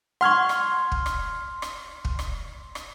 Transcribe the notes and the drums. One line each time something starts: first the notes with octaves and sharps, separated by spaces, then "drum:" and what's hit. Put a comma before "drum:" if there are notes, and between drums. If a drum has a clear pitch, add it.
F#5 C6 C#6 F6 G#6
drum: rim click
drum: kick
drum: rim click
drum: rim click
drum: kick
drum: rim click
drum: rim click